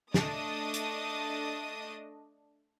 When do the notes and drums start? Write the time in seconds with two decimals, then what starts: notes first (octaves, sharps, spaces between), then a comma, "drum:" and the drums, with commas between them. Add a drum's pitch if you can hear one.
0.14 A3 D4 D#5 D#6, drum: snare
0.74 drum: hi-hat